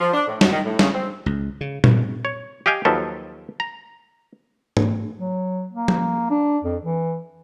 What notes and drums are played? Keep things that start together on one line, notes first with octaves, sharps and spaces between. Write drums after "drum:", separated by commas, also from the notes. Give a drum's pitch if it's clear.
F3
D4
A2
F#2, drum: snare
D#3
A2
C#3, drum: snare
C4
C#2
C#3
G2, drum: tom A#2
C#5
G4 D#5 F5 G5 G#5
D#2 F3 F#3 A4 B4
A#5
drum: tom
F#3
A#3
drum: tom F3
D4
F2
E3